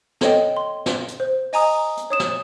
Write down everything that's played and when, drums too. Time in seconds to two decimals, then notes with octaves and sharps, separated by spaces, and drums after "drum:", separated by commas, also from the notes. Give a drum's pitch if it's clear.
0.21 A4 C#5 D#5 G5, drum: snare
0.57 C6
0.86 drum: snare
1.08 drum: hi-hat
1.20 C5
1.53 D#5 G#5 A#5 D#6, drum: open hi-hat
1.97 drum: hi-hat
2.10 C#5 D#6 E7
2.20 drum: snare